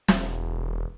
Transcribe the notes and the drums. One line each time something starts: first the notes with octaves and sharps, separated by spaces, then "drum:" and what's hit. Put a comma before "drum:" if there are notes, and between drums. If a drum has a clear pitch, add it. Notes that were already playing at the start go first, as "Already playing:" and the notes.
E1, drum: snare